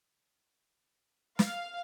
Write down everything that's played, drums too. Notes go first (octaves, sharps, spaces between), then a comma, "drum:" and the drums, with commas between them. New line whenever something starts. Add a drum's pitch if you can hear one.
F5, drum: snare